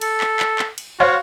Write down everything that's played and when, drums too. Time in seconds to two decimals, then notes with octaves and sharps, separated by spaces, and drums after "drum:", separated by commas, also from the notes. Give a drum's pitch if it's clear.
0.01 A4, drum: cymbal
0.21 drum: clap
0.40 drum: clap
0.59 drum: clap
0.78 drum: cymbal
1.00 F#4 C5 C#5 F5